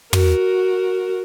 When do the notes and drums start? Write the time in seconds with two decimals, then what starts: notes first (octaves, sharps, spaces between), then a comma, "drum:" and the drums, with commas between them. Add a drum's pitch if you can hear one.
0.13 F#4 A#4, drum: tom